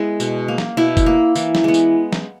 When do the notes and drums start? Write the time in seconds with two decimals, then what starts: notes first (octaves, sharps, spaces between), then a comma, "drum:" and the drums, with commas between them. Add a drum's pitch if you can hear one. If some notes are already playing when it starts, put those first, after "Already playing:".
Already playing: G#3 B3 E4
0.20 B2, drum: tambourine
0.48 A#3
0.58 drum: snare
0.77 B2 E4
0.97 drum: kick F1, tambourine
1.06 A#3
1.35 E3, drum: tambourine
1.55 drum: snare
1.64 G#3 B3
1.74 drum: tambourine
2.13 drum: snare